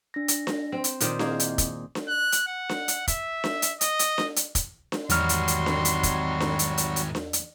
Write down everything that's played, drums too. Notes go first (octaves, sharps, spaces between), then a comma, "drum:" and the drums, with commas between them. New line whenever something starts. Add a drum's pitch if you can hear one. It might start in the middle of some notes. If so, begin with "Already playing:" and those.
D4 A#6
drum: hi-hat
drum: snare D4
C4
drum: hi-hat
A#2 D#3 C5, drum: hi-hat
A#3 C4 E4 G#4 C5 D#5, drum: snare D4
drum: hi-hat
drum: kick, hi-hat
drum: snare D4
F#6
drum: hi-hat
F#5
drum: snare D4
drum: hi-hat
E5, drum: kick, hi-hat
drum: snare D4
drum: hi-hat
D#5, drum: hi-hat
drum: hi-hat
drum: snare D4
drum: hi-hat
drum: kick, hi-hat
drum: snare D4
E2 G#2 D#3 F#3 G3 F#4 C6 F6, drum: hi-hat
drum: hi-hat
drum: hi-hat
drum: snare D4
drum: hi-hat
drum: kick, hi-hat
drum: snare D4
drum: hi-hat
drum: hi-hat
drum: hi-hat
drum: snare D4
drum: hi-hat